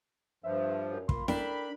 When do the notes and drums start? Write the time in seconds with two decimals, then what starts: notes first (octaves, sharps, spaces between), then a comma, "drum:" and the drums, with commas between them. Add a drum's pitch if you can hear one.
0.44 G2 F3 B4 C5 E5
0.91 F#2
1.09 A#3 F4 B5 C6, drum: kick
1.28 D4 A4 A#4 G5 B5, drum: snare E4